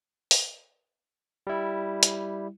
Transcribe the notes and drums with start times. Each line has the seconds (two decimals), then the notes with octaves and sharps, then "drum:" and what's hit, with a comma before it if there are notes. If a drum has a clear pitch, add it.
0.31 drum: open hi-hat
1.47 G3 E4
2.03 drum: hi-hat